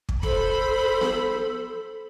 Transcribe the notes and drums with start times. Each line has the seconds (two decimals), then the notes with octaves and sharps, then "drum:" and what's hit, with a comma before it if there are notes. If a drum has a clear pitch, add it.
0.09 drum: kick
0.23 A4 C5 B5, drum: kick
1.01 drum: snare B3